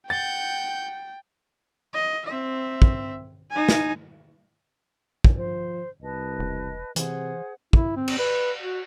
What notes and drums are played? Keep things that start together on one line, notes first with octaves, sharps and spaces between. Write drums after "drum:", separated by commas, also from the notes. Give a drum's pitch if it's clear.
F#5 G5 G6 A6
D#5
C4 E5
drum: kick
D#4 G#5
drum: snare
drum: kick
F3 C5
C2 B4 D#5 A5
E1
C3 E3 G#4 C5 F#5, drum: hi-hat
E4, drum: kick
C4
drum: cymbal
B4
F#4